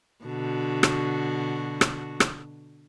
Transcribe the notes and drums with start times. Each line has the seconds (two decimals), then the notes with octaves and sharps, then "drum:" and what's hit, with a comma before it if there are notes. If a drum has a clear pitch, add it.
0.24 B2 D3 F#4
0.83 drum: rim click
1.81 drum: rim click
2.20 drum: rim click